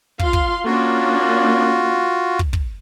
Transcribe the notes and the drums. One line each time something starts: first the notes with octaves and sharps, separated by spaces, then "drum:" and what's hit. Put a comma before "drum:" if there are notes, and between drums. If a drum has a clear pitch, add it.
F4 F5 C6, drum: kick
drum: kick
A#3 C#4 D4 F4 F#4
drum: kick
drum: kick